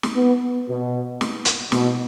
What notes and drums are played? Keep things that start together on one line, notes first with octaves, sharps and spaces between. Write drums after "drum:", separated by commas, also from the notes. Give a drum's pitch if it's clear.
drum: snare
B3
B2
drum: snare
drum: hi-hat
B2, drum: snare